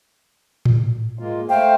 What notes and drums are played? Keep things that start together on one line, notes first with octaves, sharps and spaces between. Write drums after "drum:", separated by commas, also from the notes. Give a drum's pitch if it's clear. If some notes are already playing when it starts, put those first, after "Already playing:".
drum: tom A2
G#3 A#3 F4
A3 C5 F5 G5